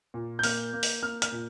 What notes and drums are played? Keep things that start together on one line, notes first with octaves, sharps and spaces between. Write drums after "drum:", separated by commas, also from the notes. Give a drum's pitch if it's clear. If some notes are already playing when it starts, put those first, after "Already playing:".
A#2
G6
A#3 F6, drum: open hi-hat
A#3
drum: open hi-hat
A#3 F6
F6, drum: hi-hat
A#2